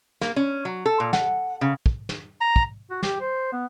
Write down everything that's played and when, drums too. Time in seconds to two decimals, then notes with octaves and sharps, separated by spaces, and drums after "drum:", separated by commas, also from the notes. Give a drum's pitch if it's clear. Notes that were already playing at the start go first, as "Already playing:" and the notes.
0.21 A#3, drum: snare
0.36 C#4
0.65 F#3
0.86 A4
1.00 A#2
1.13 F#5, drum: snare
1.61 C#3
1.86 drum: kick
2.09 drum: snare
2.41 A#5
2.56 drum: kick
2.90 F#4
3.03 G4, drum: snare
3.20 C5
3.53 B3